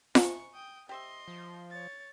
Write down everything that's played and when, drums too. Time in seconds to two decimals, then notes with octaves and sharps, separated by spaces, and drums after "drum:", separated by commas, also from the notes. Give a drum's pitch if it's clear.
0.15 F#4 D#5 G#5 C#6, drum: snare F4
0.54 G5 D#6
0.89 G4 C5 D#5 E5 C6
1.28 F3
1.71 C#5 A6